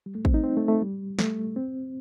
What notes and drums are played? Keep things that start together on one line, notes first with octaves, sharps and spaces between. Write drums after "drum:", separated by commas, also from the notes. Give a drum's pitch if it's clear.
G3
A3
C4, drum: kick
D#4
C4
A3
A3
G3
A3, drum: snare
C4